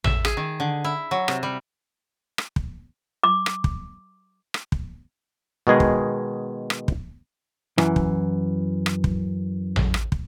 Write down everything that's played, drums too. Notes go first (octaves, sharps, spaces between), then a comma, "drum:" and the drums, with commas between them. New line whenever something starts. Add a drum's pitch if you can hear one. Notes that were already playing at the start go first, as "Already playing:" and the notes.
E5, drum: tom A1
G#4, drum: rim click
D#3
D3
E4
F#3
C3, drum: rim click
G3
drum: rim click
drum: kick
D6
drum: rim click
drum: kick
drum: rim click
drum: kick
B2 D#3 G#3 G#4
drum: kick
drum: rim click
drum: kick
F#2 E3, drum: rim click
drum: kick
drum: rim click
drum: kick
drum: tom A1
drum: rim click
drum: kick